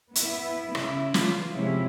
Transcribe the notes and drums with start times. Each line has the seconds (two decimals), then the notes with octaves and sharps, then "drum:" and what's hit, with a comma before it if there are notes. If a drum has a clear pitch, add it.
0.15 B3 E4, drum: hi-hat
0.75 C#3 E4, drum: rim click
1.14 E3 F4, drum: snare
1.55 C3 F3 G#3 C#4 E4